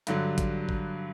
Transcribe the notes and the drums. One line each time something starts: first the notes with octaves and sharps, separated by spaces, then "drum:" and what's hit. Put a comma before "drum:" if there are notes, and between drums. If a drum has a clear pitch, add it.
G2 D3 F#3, drum: hi-hat
drum: kick, hi-hat
drum: kick